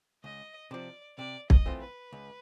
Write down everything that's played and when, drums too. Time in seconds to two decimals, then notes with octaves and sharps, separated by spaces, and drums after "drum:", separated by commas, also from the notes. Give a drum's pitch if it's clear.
0.24 C#2 D#5
0.71 C3 F3 D5
1.18 C3 D5
1.50 D#5, drum: kick
1.66 E3 A3 C4 F4
1.81 B4
2.12 C#2